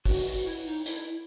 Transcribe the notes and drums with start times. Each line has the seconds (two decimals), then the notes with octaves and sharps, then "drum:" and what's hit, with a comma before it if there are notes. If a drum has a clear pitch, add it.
0.05 F#4, drum: kick, open hi-hat
0.26 F#4
0.45 E4
0.66 D#4
0.86 E4, drum: hi-hat